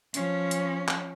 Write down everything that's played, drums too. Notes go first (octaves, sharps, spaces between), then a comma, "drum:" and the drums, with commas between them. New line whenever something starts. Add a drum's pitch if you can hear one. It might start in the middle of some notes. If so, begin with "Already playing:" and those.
F3 C#4, drum: hi-hat
drum: hi-hat
drum: clap